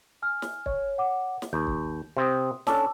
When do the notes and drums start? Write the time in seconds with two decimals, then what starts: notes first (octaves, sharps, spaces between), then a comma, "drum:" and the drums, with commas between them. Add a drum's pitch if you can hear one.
0.22 G#5 F6
0.42 drum: snare
0.66 C#5, drum: kick
0.98 F#5 D6
1.42 drum: snare
1.53 D#2 G6
1.67 drum: kick
2.17 C3 C4 C6 D#6
2.67 C#4 D4 A4 A5 D6 E6, drum: snare